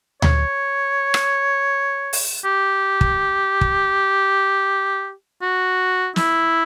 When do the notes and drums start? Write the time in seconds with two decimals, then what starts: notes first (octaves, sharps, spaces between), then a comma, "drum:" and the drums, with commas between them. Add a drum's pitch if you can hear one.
0.22 C#5, drum: tom D2
1.14 drum: rim click
2.13 drum: open hi-hat
2.45 G4
3.01 drum: kick
3.61 drum: kick
5.42 F#4
6.16 E4, drum: snare